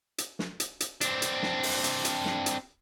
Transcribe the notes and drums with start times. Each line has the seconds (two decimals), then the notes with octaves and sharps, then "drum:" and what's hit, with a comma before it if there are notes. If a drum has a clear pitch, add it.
0.18 drum: hi-hat
0.39 drum: snare
0.60 drum: hi-hat
0.80 drum: hi-hat
1.01 C4 D4, drum: hi-hat
1.22 drum: hi-hat
1.43 drum: snare
1.63 drum: open hi-hat
1.84 drum: hi-hat
2.05 drum: hi-hat
2.25 drum: snare
2.46 drum: hi-hat